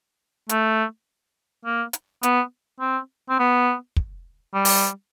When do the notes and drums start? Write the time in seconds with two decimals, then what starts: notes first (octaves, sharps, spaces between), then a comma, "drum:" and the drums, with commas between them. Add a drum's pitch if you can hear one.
0.49 A3, drum: hi-hat
1.65 A#3
1.93 drum: hi-hat
2.23 B3, drum: hi-hat
2.80 C4
3.29 C4
3.39 B3
3.96 drum: kick
4.54 G3
4.65 drum: open hi-hat